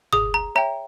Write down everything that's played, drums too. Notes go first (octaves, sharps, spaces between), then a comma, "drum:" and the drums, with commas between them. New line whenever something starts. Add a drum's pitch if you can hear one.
G#4 D#6, drum: tom F#1
A#5
C#5 E5 G5 A#5